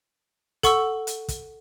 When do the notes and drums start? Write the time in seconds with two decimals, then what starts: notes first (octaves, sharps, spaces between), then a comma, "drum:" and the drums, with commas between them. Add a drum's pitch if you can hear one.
0.63 A4 F#5 C#6 E6, drum: kick, hi-hat
1.07 drum: hi-hat
1.28 drum: kick, hi-hat